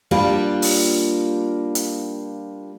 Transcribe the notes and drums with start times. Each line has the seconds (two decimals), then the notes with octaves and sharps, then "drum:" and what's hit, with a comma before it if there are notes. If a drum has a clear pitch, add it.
0.11 G3 A#3 D4 F4 G4
0.62 drum: open hi-hat
1.75 drum: hi-hat